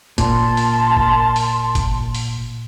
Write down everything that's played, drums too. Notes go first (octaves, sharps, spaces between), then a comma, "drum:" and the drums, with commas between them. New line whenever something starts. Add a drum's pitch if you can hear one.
A#2 A#4 A5 C6, drum: kick G1, hi-hat
drum: open hi-hat
drum: kick G1
drum: open hi-hat
drum: kick G1, hi-hat
drum: open hi-hat